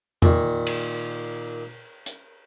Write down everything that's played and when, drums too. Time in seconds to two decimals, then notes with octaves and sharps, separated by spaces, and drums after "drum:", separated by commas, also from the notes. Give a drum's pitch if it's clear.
0.22 A#2 D#3, drum: tom E2
0.67 drum: cymbal
2.06 drum: hi-hat